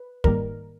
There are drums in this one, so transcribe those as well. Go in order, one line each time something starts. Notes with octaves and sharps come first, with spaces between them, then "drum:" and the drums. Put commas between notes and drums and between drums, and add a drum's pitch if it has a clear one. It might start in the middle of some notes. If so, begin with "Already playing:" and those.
Already playing: B4
G#2 D#3 G3 A#3 A#4, drum: kick